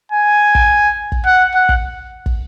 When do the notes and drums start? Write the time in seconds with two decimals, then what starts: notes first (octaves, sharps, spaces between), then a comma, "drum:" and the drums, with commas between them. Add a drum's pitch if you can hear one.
0.12 G#5
0.55 drum: kick
1.12 drum: kick
1.26 F#5
1.55 F#5
1.69 drum: kick
2.26 drum: kick